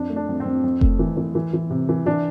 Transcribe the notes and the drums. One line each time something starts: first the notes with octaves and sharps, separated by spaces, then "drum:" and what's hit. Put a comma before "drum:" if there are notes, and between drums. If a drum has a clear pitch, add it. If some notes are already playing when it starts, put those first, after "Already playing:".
Already playing: F2 D4
A3
D4
F2
C4
F2
F2
A3, drum: kick F1
E3
E3
E3
E3
C3
E3
E3 D4